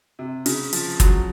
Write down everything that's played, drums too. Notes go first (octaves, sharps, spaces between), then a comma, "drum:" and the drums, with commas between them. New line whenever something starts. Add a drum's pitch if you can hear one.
C3
C#3, drum: open hi-hat
F3, drum: open hi-hat
F#3, drum: kick, hi-hat